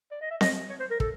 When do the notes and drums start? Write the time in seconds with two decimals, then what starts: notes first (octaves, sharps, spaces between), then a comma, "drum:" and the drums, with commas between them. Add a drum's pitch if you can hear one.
0.11 D5
0.21 D#5
0.30 E5
0.41 D#5, drum: snare C4
0.70 C#5
0.80 C5
0.90 A#4
1.00 A4, drum: kick